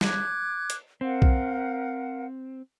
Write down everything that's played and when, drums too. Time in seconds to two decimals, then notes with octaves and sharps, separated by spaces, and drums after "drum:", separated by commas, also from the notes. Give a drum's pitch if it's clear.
0.01 D6 F#6 G#6, drum: snare
0.70 drum: hi-hat
1.01 C4 A#4 F5 F#5
1.22 drum: kick B1